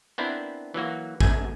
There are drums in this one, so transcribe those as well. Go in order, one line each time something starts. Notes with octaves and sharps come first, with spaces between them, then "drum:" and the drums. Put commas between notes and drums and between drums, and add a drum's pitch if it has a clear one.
B3 C4 D4 E4 A#4 C5
E3 F#3 A#3 F#4
B1 F#2 A3 G#5, drum: kick